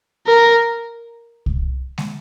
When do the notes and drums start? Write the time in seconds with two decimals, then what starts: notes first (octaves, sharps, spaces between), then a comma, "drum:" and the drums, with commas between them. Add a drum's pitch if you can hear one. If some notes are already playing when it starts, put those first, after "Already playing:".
0.27 A#4
1.46 drum: kick C2
1.98 drum: snare G#3